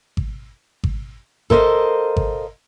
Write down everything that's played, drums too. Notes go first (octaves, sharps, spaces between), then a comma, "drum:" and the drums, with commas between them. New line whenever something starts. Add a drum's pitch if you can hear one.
drum: kick G#1
drum: kick G#1
A4 A#4 C5 D#5 F5, drum: kick G#1
drum: kick G#1